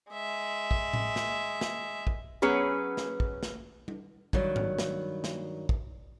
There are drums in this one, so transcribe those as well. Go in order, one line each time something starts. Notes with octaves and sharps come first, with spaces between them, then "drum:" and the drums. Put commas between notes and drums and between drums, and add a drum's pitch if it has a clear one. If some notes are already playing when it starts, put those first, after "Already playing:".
G#3 E5
drum: kick
drum: tom A2
drum: snare
drum: snare
drum: kick
F#3 B3 C#4 G#4 B4
drum: snare
drum: kick
drum: snare
drum: tom G3
G2 D#3 F#3, drum: kick
drum: tom G#2
drum: snare
drum: snare
drum: kick